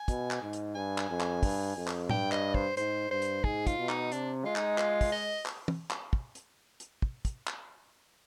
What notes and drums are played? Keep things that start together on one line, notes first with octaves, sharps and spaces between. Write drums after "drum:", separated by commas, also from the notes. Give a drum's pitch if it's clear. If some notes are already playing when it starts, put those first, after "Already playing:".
Already playing: G#5
B2, drum: kick, hi-hat
drum: clap
G#2
drum: hi-hat
G2 G#5
drum: clap
F2
drum: clap
G2, drum: kick, open hi-hat
F2
drum: clap
G2 G5, drum: tom A2
D#5, drum: clap
C5, drum: kick
G#2 C5, drum: hi-hat
G2 C5
drum: hi-hat
G#2 G#4, drum: kick
F4, drum: kick, hi-hat
B2
D#4, drum: clap
C3 D4, drum: hi-hat
G#3 F4
D#4, drum: clap
F4, drum: clap
drum: kick, open hi-hat
D#5
drum: clap
drum: tom
drum: clap
drum: kick
drum: hi-hat
drum: hi-hat
drum: kick
drum: kick, hi-hat
drum: clap